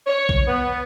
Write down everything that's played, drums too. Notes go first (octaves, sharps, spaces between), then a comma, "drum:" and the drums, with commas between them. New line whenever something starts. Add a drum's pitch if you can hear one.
C#5
drum: kick B1
B3